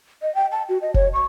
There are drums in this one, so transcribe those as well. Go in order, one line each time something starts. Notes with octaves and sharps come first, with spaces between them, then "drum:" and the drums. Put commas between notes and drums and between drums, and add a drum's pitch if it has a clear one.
D#5
G5
A5
F#4
D#5
C#5, drum: kick F1
C#6